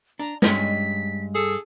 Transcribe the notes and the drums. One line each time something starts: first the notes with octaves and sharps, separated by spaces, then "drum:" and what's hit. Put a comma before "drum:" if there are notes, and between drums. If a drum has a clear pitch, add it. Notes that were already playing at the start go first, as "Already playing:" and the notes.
D4 A#5
G2 G#3 C#4 B6, drum: snare
G#4 A4